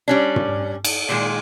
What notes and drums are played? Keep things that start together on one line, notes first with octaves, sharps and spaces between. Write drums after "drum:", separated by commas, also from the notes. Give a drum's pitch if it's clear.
G3 C#4 D4
drum: tom
drum: cymbal
A#2 D#3 G#3